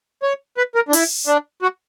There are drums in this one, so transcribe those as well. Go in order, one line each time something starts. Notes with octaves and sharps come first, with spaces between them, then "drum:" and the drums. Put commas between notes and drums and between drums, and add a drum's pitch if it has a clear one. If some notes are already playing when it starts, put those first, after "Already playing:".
C#5
B4
A#4
D4
E4, drum: open hi-hat
D4
F#4